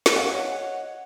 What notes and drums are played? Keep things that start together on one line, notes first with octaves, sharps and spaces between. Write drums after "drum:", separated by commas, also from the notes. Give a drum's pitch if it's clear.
drum: snare
A#4 C#5 D#5 F5 F#5 C#6